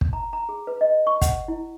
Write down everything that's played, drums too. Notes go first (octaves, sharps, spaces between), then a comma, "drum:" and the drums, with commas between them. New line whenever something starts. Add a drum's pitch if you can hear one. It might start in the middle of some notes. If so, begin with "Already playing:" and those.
drum: kick
A#5
A#5
G#4
B4
D#5
C#6
F#5, drum: kick, hi-hat
E4